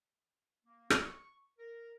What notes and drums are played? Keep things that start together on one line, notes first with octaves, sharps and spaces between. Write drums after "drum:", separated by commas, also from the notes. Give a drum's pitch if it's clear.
A#3
C#6, drum: rim click
A#4